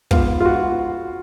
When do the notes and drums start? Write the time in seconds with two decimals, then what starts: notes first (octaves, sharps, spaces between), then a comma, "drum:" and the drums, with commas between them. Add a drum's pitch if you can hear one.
0.11 G#2 F3 B3 F5, drum: kick
0.40 F4
0.45 F#4